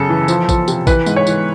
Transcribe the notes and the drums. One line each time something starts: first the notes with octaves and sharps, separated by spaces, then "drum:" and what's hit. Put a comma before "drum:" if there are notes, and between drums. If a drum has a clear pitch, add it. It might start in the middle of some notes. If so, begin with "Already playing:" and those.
Already playing: F#2 C#3 A4
E3
F3, drum: tambourine
F3, drum: kick, tambourine
C3, drum: tambourine
E3 B4, drum: kick, tambourine
G#2, drum: tambourine
C#5
E3, drum: tambourine